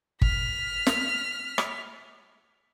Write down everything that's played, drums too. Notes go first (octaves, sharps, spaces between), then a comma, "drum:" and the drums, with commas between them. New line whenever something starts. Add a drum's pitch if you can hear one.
F6 B6, drum: kick
drum: snare
drum: rim click